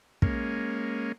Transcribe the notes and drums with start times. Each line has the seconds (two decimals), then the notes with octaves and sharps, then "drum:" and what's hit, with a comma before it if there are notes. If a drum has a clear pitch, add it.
0.22 G#3 A#3 C#4, drum: kick